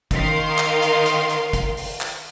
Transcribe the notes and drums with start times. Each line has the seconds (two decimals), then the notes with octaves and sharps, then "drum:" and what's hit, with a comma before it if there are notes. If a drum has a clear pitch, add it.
0.11 D#3 A#4 F5 C6, drum: kick, hi-hat
0.58 drum: clap
0.82 drum: hi-hat
1.06 drum: hi-hat
1.30 drum: hi-hat
1.53 drum: kick, hi-hat
1.77 drum: open hi-hat
2.01 drum: clap